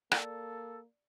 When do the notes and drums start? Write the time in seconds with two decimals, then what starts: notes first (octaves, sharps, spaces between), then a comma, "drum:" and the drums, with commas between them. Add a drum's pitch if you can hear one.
0.12 A#3 A4 D5, drum: rim click